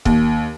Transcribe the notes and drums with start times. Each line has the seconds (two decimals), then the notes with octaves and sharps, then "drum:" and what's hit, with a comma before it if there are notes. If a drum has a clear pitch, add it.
0.05 D#2, drum: kick